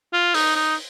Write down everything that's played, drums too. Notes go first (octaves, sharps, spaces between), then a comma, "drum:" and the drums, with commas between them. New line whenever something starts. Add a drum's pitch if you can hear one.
F4
D#4, drum: open hi-hat
D#4